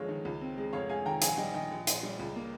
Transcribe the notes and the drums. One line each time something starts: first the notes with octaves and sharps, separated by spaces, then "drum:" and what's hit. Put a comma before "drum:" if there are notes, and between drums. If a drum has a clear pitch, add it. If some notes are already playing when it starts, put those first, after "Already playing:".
Already playing: G1 F3 G#3 C#5 F5
D#3
C#2
C4
G#3
F1 C#5 F5
G#3 F5 G#5
D#3 G5 A#5
A#1 F5 G#5, drum: hi-hat
G3 D#5 G5
D#3 D#5 G5
A#1
A#1, drum: hi-hat
G3
C#2
A#3